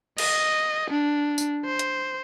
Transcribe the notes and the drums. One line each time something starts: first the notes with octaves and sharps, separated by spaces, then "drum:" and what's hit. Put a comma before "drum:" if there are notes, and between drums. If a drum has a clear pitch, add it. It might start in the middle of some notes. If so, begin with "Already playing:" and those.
D#5, drum: cymbal
D4
drum: tambourine
C5
drum: hi-hat